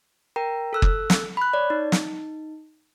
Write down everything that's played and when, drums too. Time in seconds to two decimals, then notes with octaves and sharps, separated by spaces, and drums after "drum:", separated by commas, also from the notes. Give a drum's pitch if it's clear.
0.36 A#4 G5 A#5
0.73 A4 E6 F#6
0.82 drum: kick F#1
1.10 drum: snare
1.37 B5 F#6
1.53 C#5 D5
1.70 D#4
1.92 drum: snare